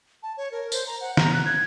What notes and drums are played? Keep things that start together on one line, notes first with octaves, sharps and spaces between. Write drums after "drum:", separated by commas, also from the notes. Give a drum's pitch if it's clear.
A5
C#5
A#4
C5, drum: tambourine
A#5
F#5
A#5, drum: snare
F#6
G#6